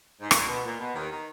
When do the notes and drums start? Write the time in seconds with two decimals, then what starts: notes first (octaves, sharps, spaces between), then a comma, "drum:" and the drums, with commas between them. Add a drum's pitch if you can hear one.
0.21 G#2
0.31 A#2, drum: rim click
0.47 B2
0.63 A#2
0.79 B2
0.94 D#2 D#3
1.10 D#3